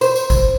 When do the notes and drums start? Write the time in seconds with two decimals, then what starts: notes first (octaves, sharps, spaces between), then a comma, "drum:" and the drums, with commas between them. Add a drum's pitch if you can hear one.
0.01 C5, drum: tambourine
0.16 drum: tambourine
0.30 drum: kick, tambourine